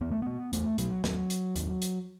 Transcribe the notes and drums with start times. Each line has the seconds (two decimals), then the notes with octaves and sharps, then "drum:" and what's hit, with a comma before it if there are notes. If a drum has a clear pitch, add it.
0.01 E2 B3
0.11 A3
0.22 B2 B3
0.53 E2 A3, drum: hi-hat
0.78 B2 F#3, drum: hi-hat
1.04 D#2 F#3, drum: snare
1.30 drum: hi-hat
1.56 D#2, drum: hi-hat
1.82 drum: hi-hat